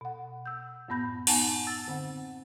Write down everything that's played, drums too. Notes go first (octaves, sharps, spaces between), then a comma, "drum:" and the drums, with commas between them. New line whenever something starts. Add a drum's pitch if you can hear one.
B2 F#5
E6 G6
F#2 A2 B3 B5 G6 A#6
B3 D#4 F#5 G#5 A5, drum: open hi-hat
E6 A6
D3 C4 F#5